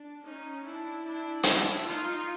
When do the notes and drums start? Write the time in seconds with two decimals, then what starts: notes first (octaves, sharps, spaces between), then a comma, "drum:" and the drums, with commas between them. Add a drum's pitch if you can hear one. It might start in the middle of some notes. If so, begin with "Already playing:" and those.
Already playing: D4
0.23 C#4 D#4
0.63 D4 E4
1.03 D4 E4
1.43 D4 E4, drum: hi-hat
1.83 D#4 F4